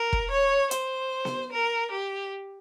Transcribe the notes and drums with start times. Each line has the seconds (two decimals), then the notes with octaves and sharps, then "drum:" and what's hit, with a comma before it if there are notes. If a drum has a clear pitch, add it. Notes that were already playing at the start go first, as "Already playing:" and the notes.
Already playing: A#4
0.13 drum: kick
0.31 C#5
0.71 C5, drum: hi-hat
1.25 drum: snare B3
1.52 A#4
1.91 G4